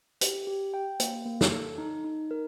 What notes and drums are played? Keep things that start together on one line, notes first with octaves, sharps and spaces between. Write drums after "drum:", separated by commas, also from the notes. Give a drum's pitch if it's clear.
G4, drum: hi-hat
G4
G5
A#3, drum: hi-hat
A#3
drum: snare
A4
D#4
D#4
A#4